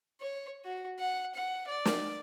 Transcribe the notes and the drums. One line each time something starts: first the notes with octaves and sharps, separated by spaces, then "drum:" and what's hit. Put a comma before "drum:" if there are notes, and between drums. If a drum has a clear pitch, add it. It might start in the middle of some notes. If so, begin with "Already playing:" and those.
C#5
F#4
F#5
F#5
D5
drum: snare